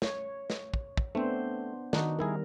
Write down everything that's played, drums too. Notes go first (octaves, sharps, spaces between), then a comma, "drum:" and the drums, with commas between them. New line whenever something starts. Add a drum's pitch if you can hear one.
C#5, drum: snare
drum: snare
drum: kick
drum: kick
A3 B3 C4 D4 C5
D#3 D4 D#4 F#4, drum: snare
D#3 G3 E4 G#4 A#4